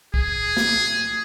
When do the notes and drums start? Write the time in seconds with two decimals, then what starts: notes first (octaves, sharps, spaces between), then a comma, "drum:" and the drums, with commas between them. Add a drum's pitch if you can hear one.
0.14 G#4, drum: kick
0.57 drum: snare